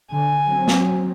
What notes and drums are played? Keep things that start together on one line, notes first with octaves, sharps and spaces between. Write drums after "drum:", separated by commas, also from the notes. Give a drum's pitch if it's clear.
D3 G#5
F#3 C4
drum: snare